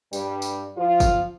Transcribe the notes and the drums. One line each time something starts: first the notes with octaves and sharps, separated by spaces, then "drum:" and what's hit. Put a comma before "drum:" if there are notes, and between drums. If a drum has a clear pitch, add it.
G2 G3, drum: tambourine
drum: tambourine
F3 F4
drum: kick G1, tambourine